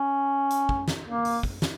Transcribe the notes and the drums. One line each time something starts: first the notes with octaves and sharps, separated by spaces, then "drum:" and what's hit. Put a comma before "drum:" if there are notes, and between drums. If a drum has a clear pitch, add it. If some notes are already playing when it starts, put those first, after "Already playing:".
Already playing: C#4
drum: hi-hat
drum: kick
drum: snare
A#3
drum: open hi-hat
drum: kick
drum: snare